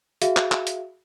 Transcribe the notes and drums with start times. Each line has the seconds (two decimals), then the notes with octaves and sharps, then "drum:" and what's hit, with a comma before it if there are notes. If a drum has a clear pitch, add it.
0.22 F#4 G#4 E5 F5, drum: hi-hat
0.37 drum: clap
0.52 drum: clap
0.67 drum: hi-hat